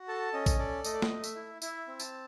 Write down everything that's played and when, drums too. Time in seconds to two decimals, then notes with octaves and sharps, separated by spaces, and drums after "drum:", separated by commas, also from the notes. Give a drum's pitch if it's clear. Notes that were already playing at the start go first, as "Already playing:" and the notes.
Already playing: F#4
0.08 A4 A5
0.33 C#4 D#5
0.46 drum: kick A#1, tambourine
0.59 A4 D5
0.84 A3 D#5, drum: tambourine
0.94 D5
1.02 D#5, drum: snare
1.10 A3
1.24 E5, drum: tambourine
1.36 E4
1.62 E4 E5, drum: tambourine
1.87 C4
2.00 A5, drum: tambourine